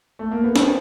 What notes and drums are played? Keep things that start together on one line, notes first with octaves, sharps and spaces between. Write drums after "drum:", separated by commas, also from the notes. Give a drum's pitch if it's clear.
A3
A#3
B3
C4, drum: snare